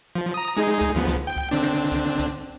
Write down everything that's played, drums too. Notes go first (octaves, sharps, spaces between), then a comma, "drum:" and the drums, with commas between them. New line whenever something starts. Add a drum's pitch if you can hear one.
F3
A#5 D#6
G#3 D#4 G#4
drum: kick C2, hi-hat
D2 F3 B3
drum: kick C2, hi-hat
G5
drum: kick C2
D3 C4 D4
drum: clap
drum: kick C2, hi-hat
drum: kick C2, hi-hat